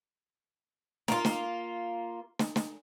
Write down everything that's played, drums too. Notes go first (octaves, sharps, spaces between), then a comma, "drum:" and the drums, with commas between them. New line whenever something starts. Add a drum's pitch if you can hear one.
A#3 F4, drum: snare
drum: snare
drum: snare
drum: snare